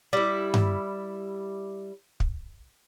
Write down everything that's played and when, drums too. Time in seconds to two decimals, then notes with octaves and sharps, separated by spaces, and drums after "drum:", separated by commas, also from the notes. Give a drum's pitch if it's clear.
0.13 G3 E4
0.54 drum: tom G2
2.20 drum: kick